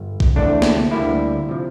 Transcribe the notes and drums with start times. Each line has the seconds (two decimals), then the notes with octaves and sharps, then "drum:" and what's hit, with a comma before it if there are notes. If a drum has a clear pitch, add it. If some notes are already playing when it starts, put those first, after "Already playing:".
Already playing: G1
0.20 drum: kick
0.36 D2 C3 E3 A3 D4
0.62 drum: snare
0.91 D2 D3 G3 A#3 E4
1.49 C3 F3